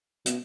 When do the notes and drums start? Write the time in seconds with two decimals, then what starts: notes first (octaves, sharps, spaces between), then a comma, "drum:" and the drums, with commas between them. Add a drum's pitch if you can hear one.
0.26 B2, drum: hi-hat